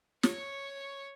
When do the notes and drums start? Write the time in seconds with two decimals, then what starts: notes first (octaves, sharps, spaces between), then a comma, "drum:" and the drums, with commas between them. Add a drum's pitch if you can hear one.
0.23 C#5 C#6, drum: snare